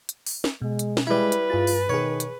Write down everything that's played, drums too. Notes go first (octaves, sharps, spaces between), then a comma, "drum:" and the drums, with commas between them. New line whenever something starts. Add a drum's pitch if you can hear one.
drum: hi-hat
drum: open hi-hat
drum: snare
B2 G#3
drum: hi-hat
drum: snare
G3 G#3 E4 B4
drum: hi-hat
G2 F4 G#4 A6
drum: open hi-hat
B2 D#3 G#4 C#5
drum: hi-hat